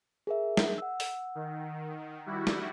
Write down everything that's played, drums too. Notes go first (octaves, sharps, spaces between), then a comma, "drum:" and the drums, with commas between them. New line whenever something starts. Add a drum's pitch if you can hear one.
G#4 A#4 E5
drum: snare
F#5 E6
drum: open hi-hat
D#3
G3 E4 F#4
drum: snare